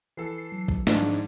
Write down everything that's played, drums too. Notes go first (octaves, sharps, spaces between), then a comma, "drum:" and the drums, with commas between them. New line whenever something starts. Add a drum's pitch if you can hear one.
E3 A4 C7
F#3
drum: kick A#1
G#1 F2 G#2 D4, drum: snare